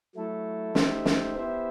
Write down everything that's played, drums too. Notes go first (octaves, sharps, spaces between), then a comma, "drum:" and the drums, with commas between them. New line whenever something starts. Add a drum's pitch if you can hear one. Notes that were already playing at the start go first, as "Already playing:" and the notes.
F#3 A3 E4 A4
A3 D#4 G4 C5 E5, drum: snare
drum: snare
B3 E4 G4 C5 E5